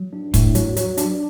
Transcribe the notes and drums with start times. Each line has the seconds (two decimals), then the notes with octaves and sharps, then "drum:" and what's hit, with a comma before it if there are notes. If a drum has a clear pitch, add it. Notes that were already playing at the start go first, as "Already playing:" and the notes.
Already playing: F#3
0.13 D4
0.34 E2 A2, drum: kick, hi-hat
0.55 F#3, drum: hi-hat
0.77 F#3, drum: hi-hat
0.97 D4, drum: hi-hat